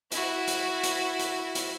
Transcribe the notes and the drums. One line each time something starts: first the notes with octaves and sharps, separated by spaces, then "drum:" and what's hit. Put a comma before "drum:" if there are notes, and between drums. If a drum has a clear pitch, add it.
E4 F#4, drum: hi-hat
drum: hi-hat
drum: hi-hat
drum: hi-hat
drum: hi-hat